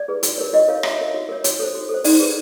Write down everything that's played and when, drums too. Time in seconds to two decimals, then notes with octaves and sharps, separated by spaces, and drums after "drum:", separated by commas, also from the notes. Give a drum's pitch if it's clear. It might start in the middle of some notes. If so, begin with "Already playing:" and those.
Already playing: D5
0.08 G#4 B4
0.23 F#4, drum: hi-hat
0.38 A#4 C#5
0.53 F#4 D#5
0.68 A#4 C#5 F5
0.83 F#4 E5, drum: rim click
0.98 A#4 C#5
1.14 F#4
1.29 A#4 C#5
1.44 F#4 C#5, drum: hi-hat
1.59 A4 C5
1.75 F#4
1.89 A4
1.94 C5
2.04 D#4 D5, drum: open hi-hat
2.20 G#4 B4